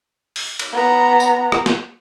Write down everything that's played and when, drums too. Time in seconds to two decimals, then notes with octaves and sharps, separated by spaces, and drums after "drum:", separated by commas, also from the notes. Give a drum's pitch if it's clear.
0.36 drum: open hi-hat
0.59 drum: cymbal
0.73 B3 A#5
1.20 drum: tambourine
1.52 drum: rim click
1.66 drum: snare